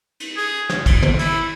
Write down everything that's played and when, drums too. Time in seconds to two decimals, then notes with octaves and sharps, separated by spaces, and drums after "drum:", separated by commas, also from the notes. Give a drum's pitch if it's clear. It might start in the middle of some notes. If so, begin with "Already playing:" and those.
0.20 drum: cymbal
0.37 G#4
0.70 drum: snare
0.86 drum: kick, cymbal
1.03 drum: tom
1.19 E4, drum: cymbal